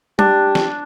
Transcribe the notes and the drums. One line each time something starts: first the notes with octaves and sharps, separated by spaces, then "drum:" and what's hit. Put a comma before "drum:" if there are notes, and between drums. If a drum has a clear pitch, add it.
D4 G4, drum: tom
drum: snare